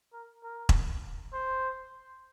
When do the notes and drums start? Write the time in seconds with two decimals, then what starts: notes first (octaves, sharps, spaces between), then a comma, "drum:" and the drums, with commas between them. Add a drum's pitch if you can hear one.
0.13 A#4
0.44 A#4
0.69 drum: kick E1
1.33 C5